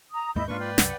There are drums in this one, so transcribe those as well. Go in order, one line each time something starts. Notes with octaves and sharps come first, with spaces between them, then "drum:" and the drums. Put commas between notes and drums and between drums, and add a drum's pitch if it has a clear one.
A#5 D#6
D#2 G#2 A#3 E4 D#5 B5 G6
G#2 A#3 D4 F4 B4 C#6
B4 D5 G5
C2 F#2 F#5, drum: snare